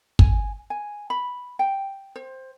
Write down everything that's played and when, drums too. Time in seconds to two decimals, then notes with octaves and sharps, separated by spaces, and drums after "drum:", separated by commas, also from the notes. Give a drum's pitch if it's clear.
0.19 G#5, drum: kick
0.70 G#5
1.10 B5
1.59 G5
2.16 C5